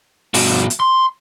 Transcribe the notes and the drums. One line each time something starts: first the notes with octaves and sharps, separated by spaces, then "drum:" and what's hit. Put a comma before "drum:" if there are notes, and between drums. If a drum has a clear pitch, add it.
G2 B2, drum: open hi-hat
drum: hi-hat
C6